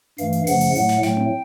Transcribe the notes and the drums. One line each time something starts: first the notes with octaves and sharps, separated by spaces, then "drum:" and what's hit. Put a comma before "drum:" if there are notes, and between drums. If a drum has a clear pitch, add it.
G2 E3 A3 F5, drum: hi-hat
drum: hi-hat
F#2 C#3 F3 A3 F#5, drum: open hi-hat
drum: open hi-hat
A2 F#3 A3 F#5, drum: hi-hat
drum: snare
A2 F#3 A3 G5, drum: snare
drum: tom C4